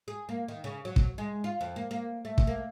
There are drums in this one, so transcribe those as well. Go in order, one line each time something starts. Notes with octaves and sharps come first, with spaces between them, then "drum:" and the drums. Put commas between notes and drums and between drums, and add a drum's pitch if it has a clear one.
G#4
A#3
D#3
C#3
F#3
drum: kick
G#3
F4
F2
A#3
A#3
A3
drum: kick
A#3